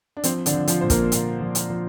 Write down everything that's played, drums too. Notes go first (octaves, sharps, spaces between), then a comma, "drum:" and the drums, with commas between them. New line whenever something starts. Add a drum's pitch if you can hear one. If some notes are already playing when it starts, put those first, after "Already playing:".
D4
F3 C4, drum: hi-hat
D3 D4, drum: hi-hat
F3
F3 F4, drum: hi-hat
A#2 C5
A#3 A#4, drum: kick, hi-hat
A#2, drum: hi-hat
F3
drum: hi-hat
F3